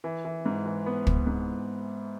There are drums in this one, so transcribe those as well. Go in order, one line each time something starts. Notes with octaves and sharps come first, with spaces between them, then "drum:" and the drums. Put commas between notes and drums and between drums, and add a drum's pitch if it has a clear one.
E3
E3
G#2
E3
B3
B3, drum: kick
G#2